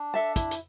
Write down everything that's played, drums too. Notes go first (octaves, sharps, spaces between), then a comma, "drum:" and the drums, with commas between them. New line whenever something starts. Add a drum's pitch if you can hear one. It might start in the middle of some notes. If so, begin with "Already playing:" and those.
Already playing: D4
A4 E5 A5
E4, drum: kick, hi-hat
drum: hi-hat